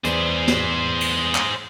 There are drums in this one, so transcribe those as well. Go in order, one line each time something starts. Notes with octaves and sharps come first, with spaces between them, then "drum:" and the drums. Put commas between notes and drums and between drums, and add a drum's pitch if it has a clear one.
E2 G#4 C5 D5, drum: hi-hat
drum: snare
drum: cymbal
drum: clap